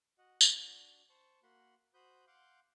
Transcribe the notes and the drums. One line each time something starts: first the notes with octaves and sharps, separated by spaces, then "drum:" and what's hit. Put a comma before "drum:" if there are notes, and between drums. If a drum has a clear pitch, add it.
F#4 D#5 F#5
D4 F#4, drum: tambourine
C5 A5 C#6
A#3 F#4 F#5 B5 C6
F#4 C5 B5 D#6 F#6 G6
F5 F#5 C6 D6 G6